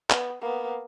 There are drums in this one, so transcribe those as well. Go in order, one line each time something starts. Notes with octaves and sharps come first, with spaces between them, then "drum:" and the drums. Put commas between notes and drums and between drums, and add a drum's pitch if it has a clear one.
B3, drum: clap
A#3 B3